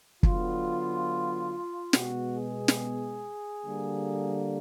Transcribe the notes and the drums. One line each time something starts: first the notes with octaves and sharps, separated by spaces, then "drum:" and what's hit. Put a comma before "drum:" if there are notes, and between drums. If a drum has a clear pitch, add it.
D3 F#3 B3 F4, drum: kick
B2 G#3 B3 F#4, drum: snare
G#4
drum: snare
D3 G3 A#3